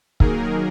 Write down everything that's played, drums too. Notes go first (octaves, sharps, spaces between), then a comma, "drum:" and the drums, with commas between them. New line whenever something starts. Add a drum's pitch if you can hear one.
D#3 F#3 A#3 D#4 G#4 A#4, drum: kick